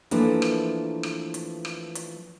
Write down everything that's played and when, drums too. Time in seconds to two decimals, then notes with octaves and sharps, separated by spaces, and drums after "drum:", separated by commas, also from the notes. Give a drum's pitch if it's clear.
0.11 E3 F3 A3 A#3 D4 E4, drum: hi-hat
0.42 drum: rim click
1.03 drum: rim click
1.34 drum: hi-hat
1.65 drum: rim click
1.95 drum: hi-hat